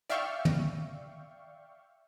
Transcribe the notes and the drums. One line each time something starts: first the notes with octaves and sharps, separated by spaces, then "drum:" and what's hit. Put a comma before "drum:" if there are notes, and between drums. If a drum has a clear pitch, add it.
D5 E5 F5 G5 C#6, drum: hi-hat
drum: tom